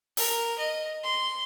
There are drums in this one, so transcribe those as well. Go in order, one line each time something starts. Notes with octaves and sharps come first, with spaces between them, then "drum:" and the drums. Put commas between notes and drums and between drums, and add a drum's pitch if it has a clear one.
A#4, drum: open hi-hat
D#5
C6